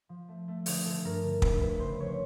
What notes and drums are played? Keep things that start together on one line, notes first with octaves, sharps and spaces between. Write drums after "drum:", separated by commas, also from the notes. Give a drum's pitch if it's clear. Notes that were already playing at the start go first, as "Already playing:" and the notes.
F3
A3
A3
D3 G#4, drum: open hi-hat
D3 A4
G2 A#4
D3
A3 B4, drum: kick
F2 B4
C#3 C5
F2 C#5